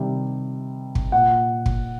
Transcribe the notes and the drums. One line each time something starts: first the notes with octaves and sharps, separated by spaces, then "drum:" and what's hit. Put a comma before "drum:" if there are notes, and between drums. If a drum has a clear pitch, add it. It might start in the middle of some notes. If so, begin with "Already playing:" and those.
Already playing: C3 D#3 G3
drum: kick
A#2 F#5
drum: kick